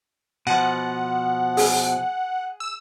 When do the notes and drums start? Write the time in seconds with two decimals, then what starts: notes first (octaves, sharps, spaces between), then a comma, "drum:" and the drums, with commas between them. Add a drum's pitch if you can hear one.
0.47 B2 F3 F#5
1.57 G#4, drum: open hi-hat
2.60 E6